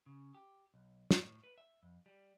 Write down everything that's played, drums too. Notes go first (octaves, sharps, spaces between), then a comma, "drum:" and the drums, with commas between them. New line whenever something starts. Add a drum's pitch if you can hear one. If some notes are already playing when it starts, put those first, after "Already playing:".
C#3
G4
B1
A2, drum: snare
B4
E5
F2
G3